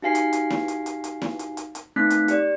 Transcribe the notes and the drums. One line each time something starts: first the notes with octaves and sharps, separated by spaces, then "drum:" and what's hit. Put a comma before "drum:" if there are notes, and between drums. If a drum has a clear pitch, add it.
D#4 F#4 G4 F5 G#5 C7
drum: hi-hat
drum: hi-hat
drum: snare E4
drum: hi-hat
drum: hi-hat
drum: hi-hat
drum: snare E4
drum: hi-hat
drum: hi-hat
drum: hi-hat
A3 B3 C4 D#4 F#6 B6
drum: hi-hat
G4 D5, drum: hi-hat